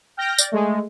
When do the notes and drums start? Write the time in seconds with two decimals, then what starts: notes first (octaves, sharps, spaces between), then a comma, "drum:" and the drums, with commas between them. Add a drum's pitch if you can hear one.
0.17 G5 F6 G6 A#6
0.38 D5, drum: tambourine
0.52 G#3 A3